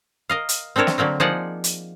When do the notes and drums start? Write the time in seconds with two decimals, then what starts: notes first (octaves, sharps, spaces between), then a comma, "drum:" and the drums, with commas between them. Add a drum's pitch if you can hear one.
0.29 A#4 D#5 F5
0.49 drum: hi-hat
0.76 C4 D4 A4 A#4 C#5
0.87 drum: snare
0.98 D3 F#3 A#3 C4
1.20 F3 A#3 D#4 G#4 D5 F#5
1.64 drum: hi-hat